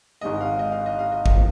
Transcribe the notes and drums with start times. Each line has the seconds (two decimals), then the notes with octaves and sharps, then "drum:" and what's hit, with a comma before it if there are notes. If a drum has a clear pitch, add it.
0.21 G#1 G#2 G#3 D#5
0.41 F5
0.59 D#5
0.72 F5
0.86 D#5
0.99 F5
1.12 D#5
1.26 F5, drum: kick
1.34 F3 A#3